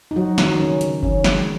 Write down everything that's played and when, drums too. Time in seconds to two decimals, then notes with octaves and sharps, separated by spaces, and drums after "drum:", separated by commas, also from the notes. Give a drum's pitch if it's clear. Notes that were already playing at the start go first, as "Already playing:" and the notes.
0.11 D#4
0.16 F#3 F#4
0.38 D#3 D#4, drum: snare
0.60 C#3 C#4
0.81 C#3, drum: hi-hat
1.03 D#3 C#4, drum: kick F#1
1.24 G#3, drum: snare